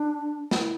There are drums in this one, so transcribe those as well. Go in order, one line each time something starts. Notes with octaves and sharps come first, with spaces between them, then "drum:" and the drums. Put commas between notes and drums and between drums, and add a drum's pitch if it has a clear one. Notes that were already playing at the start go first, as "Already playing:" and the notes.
Already playing: D4
E4, drum: snare